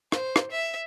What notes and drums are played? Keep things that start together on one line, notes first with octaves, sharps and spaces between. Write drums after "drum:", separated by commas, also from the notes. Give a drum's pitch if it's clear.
C5, drum: rim click
drum: rim click
E5